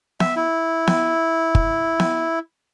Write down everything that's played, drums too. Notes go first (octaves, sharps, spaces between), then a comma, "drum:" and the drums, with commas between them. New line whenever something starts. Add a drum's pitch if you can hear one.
E5, drum: snare B3
E4
drum: snare B3
drum: kick
drum: snare B3